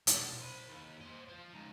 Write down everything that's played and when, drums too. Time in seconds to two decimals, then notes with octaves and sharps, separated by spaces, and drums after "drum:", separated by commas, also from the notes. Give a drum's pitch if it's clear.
0.07 B2 D4, drum: hi-hat
0.40 C5 B5
0.68 D#2
1.01 C5 D#5
1.29 F4 C5
1.53 C#2 D#4